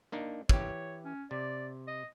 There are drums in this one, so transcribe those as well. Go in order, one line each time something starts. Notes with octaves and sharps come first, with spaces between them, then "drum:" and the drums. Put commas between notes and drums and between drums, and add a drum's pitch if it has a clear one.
A#3 D4 D#4
E3 G4 C#5, drum: kick
C#4
C3 D5
D#5